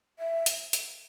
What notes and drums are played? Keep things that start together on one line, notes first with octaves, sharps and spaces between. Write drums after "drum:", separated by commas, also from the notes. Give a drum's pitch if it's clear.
E5
drum: hi-hat
drum: hi-hat